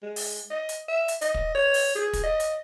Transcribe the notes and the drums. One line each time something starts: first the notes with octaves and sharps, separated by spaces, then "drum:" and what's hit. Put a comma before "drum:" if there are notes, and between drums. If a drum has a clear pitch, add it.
G#3
drum: open hi-hat
D#5
drum: hi-hat
E5
drum: hi-hat
D#5, drum: hi-hat
drum: kick
C#5
drum: open hi-hat
G#4
drum: kick, hi-hat
D#5
drum: hi-hat